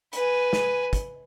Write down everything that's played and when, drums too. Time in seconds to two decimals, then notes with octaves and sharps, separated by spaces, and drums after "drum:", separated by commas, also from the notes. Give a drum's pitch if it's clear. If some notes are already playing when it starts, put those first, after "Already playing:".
0.13 B4 G#5, drum: hi-hat
0.53 drum: snare
0.93 drum: kick, hi-hat